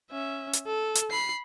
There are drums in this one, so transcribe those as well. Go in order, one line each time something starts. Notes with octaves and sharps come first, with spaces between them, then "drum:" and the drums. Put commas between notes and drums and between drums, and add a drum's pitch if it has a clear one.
C#4 E5
drum: hi-hat
A4
drum: hi-hat
B5 C7